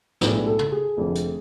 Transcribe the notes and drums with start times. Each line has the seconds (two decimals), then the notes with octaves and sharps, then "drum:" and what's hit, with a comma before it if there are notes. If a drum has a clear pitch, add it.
0.21 B1 A2 G#3 D4 B4, drum: snare
0.46 A4
0.59 drum: tom
0.72 G#4
0.97 F1 F2 D3
1.15 drum: hi-hat